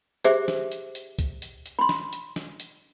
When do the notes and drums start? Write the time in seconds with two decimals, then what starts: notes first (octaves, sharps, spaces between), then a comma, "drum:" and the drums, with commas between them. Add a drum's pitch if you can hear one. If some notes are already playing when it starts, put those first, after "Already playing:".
0.24 G4 G#4 C5 E5 D6, drum: hi-hat
0.48 drum: snare
0.72 drum: hi-hat
0.95 drum: hi-hat
1.19 drum: kick, hi-hat
1.42 drum: hi-hat
1.66 drum: hi-hat
1.79 B5 C6
1.89 drum: snare
2.13 drum: hi-hat
2.36 drum: snare
2.60 drum: hi-hat